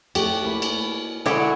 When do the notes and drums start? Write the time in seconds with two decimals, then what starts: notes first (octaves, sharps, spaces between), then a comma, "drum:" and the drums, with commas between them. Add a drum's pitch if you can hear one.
0.15 A3 F#4 G4, drum: cymbal
0.43 A#3 E4 B4
0.62 drum: cymbal
1.26 D3 F#3 G#3 E4 F#4 G4